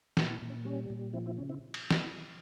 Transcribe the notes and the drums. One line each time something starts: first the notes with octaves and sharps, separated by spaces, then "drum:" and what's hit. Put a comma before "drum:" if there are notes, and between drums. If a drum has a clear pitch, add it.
A#2, drum: snare
A#2
C#4
G3 C#4
A#2
F3 C4 E4
C4 E4
C#3 C#4
C4 E4
drum: cymbal
drum: snare